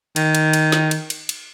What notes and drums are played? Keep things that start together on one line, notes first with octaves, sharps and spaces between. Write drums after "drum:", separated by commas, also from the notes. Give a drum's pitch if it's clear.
D#3, drum: cymbal
drum: cymbal
drum: cymbal
drum: snare
drum: cymbal
drum: cymbal
drum: cymbal